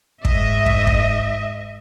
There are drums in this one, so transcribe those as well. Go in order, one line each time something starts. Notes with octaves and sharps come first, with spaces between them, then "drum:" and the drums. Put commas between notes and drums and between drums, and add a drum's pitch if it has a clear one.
G#2 D#5 E5, drum: kick
drum: kick
drum: kick